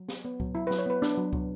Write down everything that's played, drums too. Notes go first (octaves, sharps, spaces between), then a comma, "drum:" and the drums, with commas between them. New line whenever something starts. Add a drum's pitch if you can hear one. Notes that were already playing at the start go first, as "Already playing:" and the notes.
Already playing: F#3
B3, drum: snare
B3
F#3, drum: kick C#2
F#3 E4
B4
F#3, drum: snare
C#5
B3 B4
B3 D4, drum: snare
F#3
F#3, drum: kick C#2